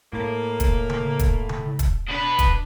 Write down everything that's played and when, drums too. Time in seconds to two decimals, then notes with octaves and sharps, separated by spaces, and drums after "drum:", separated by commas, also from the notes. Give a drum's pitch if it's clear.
0.13 A2 A#3
0.60 drum: kick, hi-hat
0.90 drum: tom C#3
1.19 drum: kick, hi-hat
1.49 drum: tom C#3
1.79 drum: kick, hi-hat
2.09 B2 D4 B4
2.39 drum: kick, hi-hat